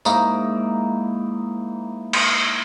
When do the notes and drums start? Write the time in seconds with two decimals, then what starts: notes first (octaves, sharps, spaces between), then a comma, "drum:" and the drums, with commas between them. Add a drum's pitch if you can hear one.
0.05 G#2 A#3 D#4 E4, drum: tambourine
2.13 drum: cymbal